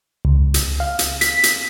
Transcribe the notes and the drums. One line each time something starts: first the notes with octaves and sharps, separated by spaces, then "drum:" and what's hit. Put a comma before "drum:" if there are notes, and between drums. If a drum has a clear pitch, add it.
C#2
drum: hi-hat
F5
drum: hi-hat
B6, drum: hi-hat
drum: hi-hat